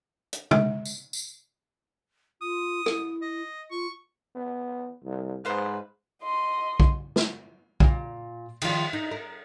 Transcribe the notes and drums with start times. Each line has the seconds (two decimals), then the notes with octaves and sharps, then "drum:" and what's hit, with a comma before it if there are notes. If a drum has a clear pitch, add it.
0.33 drum: hi-hat
0.51 G#3, drum: tom
0.85 drum: tambourine
1.13 drum: tambourine
2.42 F4 D#6
2.86 E4, drum: rim click
3.22 D#5
3.71 F4 C#6
4.35 B3
5.03 C2
5.45 G#2 B4 C5 F5
6.22 D#5 C6
6.80 drum: kick B1
7.16 drum: snare
7.80 A#2, drum: kick B1
8.62 D#3 F3 F4, drum: cymbal
8.93 D#4
9.11 A#4